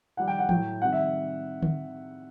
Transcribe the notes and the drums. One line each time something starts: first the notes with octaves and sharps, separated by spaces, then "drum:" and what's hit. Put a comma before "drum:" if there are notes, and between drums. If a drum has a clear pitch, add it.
D#3 G3 F#5
G5
F#5
A2 F#3 A3 G5, drum: tom E3
C3 D#3 G3 F#5
E5
drum: tom D3